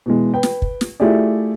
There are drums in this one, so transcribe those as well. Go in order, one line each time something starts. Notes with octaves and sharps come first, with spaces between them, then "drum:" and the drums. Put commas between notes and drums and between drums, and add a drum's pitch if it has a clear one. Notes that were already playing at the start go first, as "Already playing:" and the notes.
B2 E3 G#3
B4 G5
drum: snare
drum: kick
drum: snare
A3 E4 F4 G4 G#4 D5